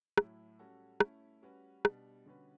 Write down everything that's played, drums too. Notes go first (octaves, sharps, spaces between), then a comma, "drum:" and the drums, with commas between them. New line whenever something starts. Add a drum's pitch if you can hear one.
A2 F#3 A3 E4, drum: rim click
G3 C#4 F#4 A4
A3 C#4 E4, drum: rim click
G3 C#4 F#4 B4
B2 G3 D4, drum: rim click
D3 G3 C#4 F#4 B4